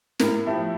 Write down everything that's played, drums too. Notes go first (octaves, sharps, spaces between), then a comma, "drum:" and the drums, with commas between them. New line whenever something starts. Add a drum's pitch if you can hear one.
A2 A#4, drum: snare
F3 A3 E4 G4